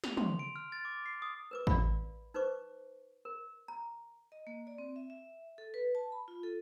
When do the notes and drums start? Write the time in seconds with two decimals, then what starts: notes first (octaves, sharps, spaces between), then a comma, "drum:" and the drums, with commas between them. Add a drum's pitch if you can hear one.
0.04 F7, drum: snare
0.17 C6, drum: tom
0.39 D7
0.56 F6
0.72 A6
0.85 D6
1.06 C7
1.22 D#6
1.51 A#4 B4 D6
1.67 D5 F5 B5, drum: kick A1
2.34 D#4 B4 C5 C#6 D6
3.25 A#4
3.68 A#5
4.32 D#5
4.47 A#3
4.67 D5
4.78 C4
4.96 E5
5.10 E5
5.58 A4
5.74 B4
5.95 A5
6.12 B5
6.28 F4
6.43 A4